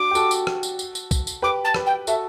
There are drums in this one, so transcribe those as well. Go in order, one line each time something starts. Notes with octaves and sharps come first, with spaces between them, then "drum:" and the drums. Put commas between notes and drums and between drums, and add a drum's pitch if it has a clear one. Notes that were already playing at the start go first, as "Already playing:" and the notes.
Already playing: D4 F#4 D6
G4
F#4 A4, drum: tambourine
drum: tambourine
drum: rim click
drum: tambourine
drum: tambourine
drum: tambourine
drum: kick B1, tambourine
drum: tambourine
G4 B4 D6
A5
G4 B4, drum: rim click
G5
F#4 A4 E5, drum: tambourine